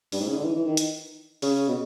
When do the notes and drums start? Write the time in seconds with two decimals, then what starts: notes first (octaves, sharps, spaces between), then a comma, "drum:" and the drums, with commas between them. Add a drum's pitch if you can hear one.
0.12 G2, drum: open hi-hat
0.20 G#2
0.28 C#3
0.36 D3
0.44 E3
0.55 E3
0.67 D#3
0.77 drum: hi-hat
1.42 C#3, drum: open hi-hat
1.68 B2